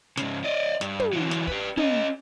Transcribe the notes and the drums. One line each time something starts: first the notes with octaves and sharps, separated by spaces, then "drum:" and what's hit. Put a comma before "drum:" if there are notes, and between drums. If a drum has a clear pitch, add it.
G#2 C#3, drum: snare
D5 D#5
G2, drum: snare
drum: tom
E3 F#3
drum: snare
G4 B4, drum: kick
C#4 D#5, drum: tom